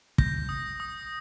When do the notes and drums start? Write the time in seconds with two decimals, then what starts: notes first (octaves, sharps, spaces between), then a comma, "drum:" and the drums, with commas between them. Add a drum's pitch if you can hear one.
0.18 G6 A#6, drum: kick
0.49 D#6
0.80 D#6